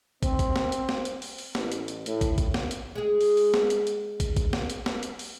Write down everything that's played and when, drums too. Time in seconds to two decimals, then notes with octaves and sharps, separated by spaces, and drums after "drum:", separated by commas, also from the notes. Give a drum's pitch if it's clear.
0.23 C4, drum: kick, hi-hat
0.39 drum: kick, hi-hat
0.56 drum: snare
0.72 drum: hi-hat
0.89 drum: snare
1.05 drum: hi-hat
1.22 drum: open hi-hat
1.38 drum: open hi-hat
1.55 A1, drum: snare
1.72 drum: hi-hat
1.88 drum: hi-hat
2.06 A2, drum: hi-hat
2.21 drum: kick, hi-hat
2.38 drum: kick, hi-hat
2.54 drum: snare
2.71 drum: hi-hat
2.95 G#3 G#4
3.21 drum: open hi-hat
3.37 drum: open hi-hat
3.54 drum: snare
3.70 drum: hi-hat
3.87 drum: hi-hat
4.20 drum: kick, hi-hat
4.36 drum: kick, hi-hat
4.53 drum: snare
4.70 drum: hi-hat
4.86 drum: snare
5.03 drum: hi-hat
5.19 drum: open hi-hat